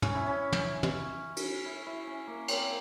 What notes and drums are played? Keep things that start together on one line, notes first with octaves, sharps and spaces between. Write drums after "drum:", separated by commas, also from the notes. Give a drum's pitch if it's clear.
C#4, drum: tom
E4
C#4
drum: tom
drum: tom
drum: cymbal
E4
E4
C#4
A#3
C4, drum: cymbal
A#3